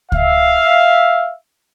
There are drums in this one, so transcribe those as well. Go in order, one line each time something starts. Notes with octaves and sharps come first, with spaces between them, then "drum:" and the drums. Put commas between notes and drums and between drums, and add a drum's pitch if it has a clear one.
E5 F5, drum: kick C#2